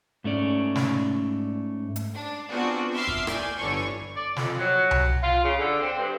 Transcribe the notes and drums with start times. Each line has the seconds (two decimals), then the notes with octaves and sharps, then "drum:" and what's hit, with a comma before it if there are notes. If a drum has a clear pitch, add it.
0.24 G#2 A3 C#4 D5
0.75 drum: snare
1.96 drum: hi-hat
2.14 D4
2.49 B3 C4 D4 F4 F#4 G#4
2.93 E5 C6 D6 E6 F6 C7
3.07 drum: kick F#1
3.27 D5 G#5 G6, drum: rim click
3.58 G1 D3 E3 D4 C#5 C#6
4.16 D5
4.36 F2, drum: snare
4.58 F#3
4.91 drum: tom C2
5.22 F4
5.44 C#3
5.59 D3
5.79 C4
5.98 G2